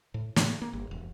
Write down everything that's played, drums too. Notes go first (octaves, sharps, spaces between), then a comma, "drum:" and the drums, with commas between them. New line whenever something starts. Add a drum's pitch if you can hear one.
A2
A2, drum: snare
A#3
G1
E1